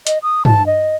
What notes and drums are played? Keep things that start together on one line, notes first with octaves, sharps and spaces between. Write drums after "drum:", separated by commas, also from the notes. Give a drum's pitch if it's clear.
D#5, drum: hi-hat
D#6
A5, drum: tom
D#5